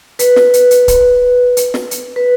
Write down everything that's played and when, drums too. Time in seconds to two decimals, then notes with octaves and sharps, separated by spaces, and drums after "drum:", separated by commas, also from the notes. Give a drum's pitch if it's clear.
0.19 B4, drum: hi-hat
0.36 drum: snare
0.53 drum: hi-hat
0.71 drum: hi-hat
0.88 drum: kick C#1, hi-hat
1.57 drum: hi-hat
1.74 drum: snare
1.91 drum: hi-hat
2.16 B4